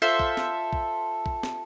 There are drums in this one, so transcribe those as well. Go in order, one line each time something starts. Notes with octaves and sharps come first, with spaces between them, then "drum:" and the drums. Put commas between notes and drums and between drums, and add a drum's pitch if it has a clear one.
F4 A4 C5 E5
drum: kick
drum: snare
drum: kick
drum: kick
drum: snare